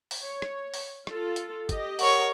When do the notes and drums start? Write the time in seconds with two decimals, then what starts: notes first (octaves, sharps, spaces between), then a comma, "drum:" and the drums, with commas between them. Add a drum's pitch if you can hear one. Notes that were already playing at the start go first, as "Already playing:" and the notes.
0.11 drum: open hi-hat
0.23 C#5
0.42 drum: rim click
0.74 drum: open hi-hat
1.07 F4 A4, drum: rim click
1.36 drum: hi-hat
1.69 G4 D#5, drum: kick, hi-hat
1.99 A#4 C#5 F#5 C#6, drum: open hi-hat